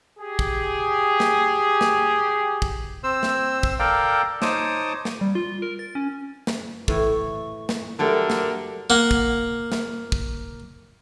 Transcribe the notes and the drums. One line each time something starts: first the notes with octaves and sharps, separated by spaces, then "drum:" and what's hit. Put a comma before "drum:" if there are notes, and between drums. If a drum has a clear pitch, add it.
G4 G#4
drum: kick
drum: snare
drum: snare
drum: kick
C4 C5 E6
drum: snare
drum: kick
A4 A#4 D5 F5 G5
D#4 C5 C#5 A5 D6 D#6, drum: snare
drum: snare
G3
F4
A#4
A6
C#4
drum: snare
A2 E3 A3 C#6, drum: kick
drum: snare
D3 F#3 G3 A3 A#4
drum: snare
A#3 F#5
drum: kick
drum: snare
drum: kick